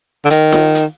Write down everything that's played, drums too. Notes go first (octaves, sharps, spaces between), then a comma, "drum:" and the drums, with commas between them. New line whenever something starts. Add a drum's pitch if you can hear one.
D3
D#3, drum: hi-hat
drum: snare F4
drum: hi-hat